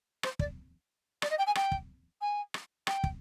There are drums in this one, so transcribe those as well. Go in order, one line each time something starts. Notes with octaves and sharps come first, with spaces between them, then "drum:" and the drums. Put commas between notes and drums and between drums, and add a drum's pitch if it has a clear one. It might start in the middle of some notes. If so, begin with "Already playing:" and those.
C5, drum: rim click
D5, drum: kick
D5, drum: rim click
D#5
G5
G#5
G5, drum: rim click
drum: kick
G#5
drum: rim click
G5, drum: rim click
drum: kick